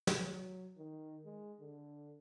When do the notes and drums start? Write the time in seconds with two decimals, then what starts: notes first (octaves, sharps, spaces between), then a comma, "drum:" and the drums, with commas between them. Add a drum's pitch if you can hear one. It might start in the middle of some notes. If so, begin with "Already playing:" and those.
0.07 drum: snare
0.18 F#3
0.77 D#3
1.25 G#3
1.61 D3